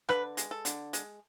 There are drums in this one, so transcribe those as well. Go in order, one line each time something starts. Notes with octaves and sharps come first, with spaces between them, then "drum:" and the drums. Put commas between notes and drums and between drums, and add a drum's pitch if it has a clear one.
D3 B4, drum: rim click
G#3, drum: hi-hat
A4
D3, drum: hi-hat
G#3, drum: hi-hat